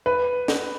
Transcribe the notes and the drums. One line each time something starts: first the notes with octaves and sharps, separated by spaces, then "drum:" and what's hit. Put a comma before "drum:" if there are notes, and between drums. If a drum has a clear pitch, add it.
B4
drum: snare